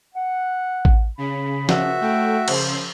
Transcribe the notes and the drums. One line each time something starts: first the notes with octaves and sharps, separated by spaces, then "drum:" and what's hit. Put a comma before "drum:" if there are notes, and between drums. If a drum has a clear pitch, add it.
F#5
drum: kick A1
C#3 G#4 B5
A#2 F3 F#4 E5, drum: snare
A2 A3 E4 G5
F#2 C#3 F3 C5, drum: cymbal